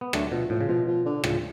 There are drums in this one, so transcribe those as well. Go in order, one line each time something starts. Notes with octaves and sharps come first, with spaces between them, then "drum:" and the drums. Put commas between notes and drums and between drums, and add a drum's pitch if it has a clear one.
B3
D3 F#3 A3, drum: rim click
B2 F3
A2 F3
C#3
B2 F3
F3
D3
A2 C#3 F3, drum: rim click